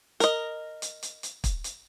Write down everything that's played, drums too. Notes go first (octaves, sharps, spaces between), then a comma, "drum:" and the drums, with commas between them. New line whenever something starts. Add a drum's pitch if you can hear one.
A#4 D#5, drum: hi-hat
drum: hi-hat
drum: hi-hat
drum: hi-hat
drum: kick, hi-hat
drum: hi-hat